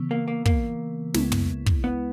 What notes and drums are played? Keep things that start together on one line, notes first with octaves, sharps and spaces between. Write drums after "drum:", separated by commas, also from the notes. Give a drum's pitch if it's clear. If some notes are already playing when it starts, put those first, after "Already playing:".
Already playing: C#3 E3 B3
A#3
A#3
A#3, drum: kick
C#2 C#3 G#3 B3 E4, drum: snare
drum: tom
drum: kick
B3